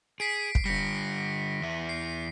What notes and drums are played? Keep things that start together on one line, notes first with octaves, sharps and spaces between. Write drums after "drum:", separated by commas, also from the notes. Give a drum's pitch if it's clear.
G#4 B6 C7 D7
drum: kick
D3 G3 A#6 B6 C#7
E2 E4
C7